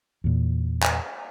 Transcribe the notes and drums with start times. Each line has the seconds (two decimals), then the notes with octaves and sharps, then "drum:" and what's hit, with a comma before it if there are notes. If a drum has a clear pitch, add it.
0.24 E2 A#2
0.83 drum: clap